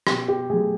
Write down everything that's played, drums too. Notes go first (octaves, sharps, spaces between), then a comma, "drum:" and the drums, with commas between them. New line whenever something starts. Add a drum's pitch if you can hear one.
B2 G4, drum: rim click
G4
F#3 A3 G#4